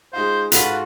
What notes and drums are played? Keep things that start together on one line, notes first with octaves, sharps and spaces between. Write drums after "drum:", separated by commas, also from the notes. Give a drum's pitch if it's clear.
G#3 D#4 F4 C5
G#2 F4 F#4 A4 B4 F7, drum: hi-hat